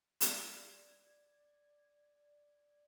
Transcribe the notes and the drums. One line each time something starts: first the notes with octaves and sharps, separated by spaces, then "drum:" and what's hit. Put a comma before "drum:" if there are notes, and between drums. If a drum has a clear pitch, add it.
D5 G#6, drum: hi-hat